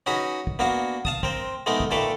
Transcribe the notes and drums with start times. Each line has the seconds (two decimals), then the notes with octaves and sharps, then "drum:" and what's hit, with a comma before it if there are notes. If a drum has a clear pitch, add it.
0.06 C#4 D#4 F#4 G#4 B4 A#5
0.47 drum: kick
0.59 A#3 B3 D4 F#4 F5
1.05 F5 A5 D#6, drum: kick
1.23 C4 A#4 C5, drum: kick
1.66 G#3 A3 B3 D#4 A#4
1.80 drum: kick
1.91 A#2 D#3 A3 A4 B4 D6